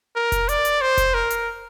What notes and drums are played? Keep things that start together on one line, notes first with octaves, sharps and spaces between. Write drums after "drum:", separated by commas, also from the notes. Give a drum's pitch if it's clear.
A#4
drum: kick F1, hi-hat
D5, drum: hi-hat
drum: hi-hat
C5
drum: kick F1, hi-hat
A#4
drum: hi-hat